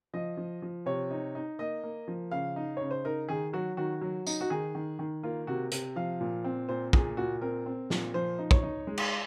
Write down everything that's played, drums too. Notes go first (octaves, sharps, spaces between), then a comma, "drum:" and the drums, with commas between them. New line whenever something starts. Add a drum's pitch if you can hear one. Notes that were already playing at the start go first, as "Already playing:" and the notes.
F3 D#5
F3
F3
C3 C#5
D#4
D#4
A#3 D#5
A#3
F3
C#3 F5
D#4
C#3 C#5
C5
D#4 A#4
D#3 G#4
F#3 F#4
D#3 F#4
F#3
D#4, drum: tambourine
F#4
D#3 G#4
D#3
D#3
A#3 F4
C3 F#4
C3, drum: hi-hat
F3 F5
A#2
C4
A#2 C5
A#2 G#4, drum: kick
A#2 F#4
C4 A#4
C4
A#2, drum: snare
F3 C5
D#4
C#5, drum: kick
D#4
G#3
drum: cymbal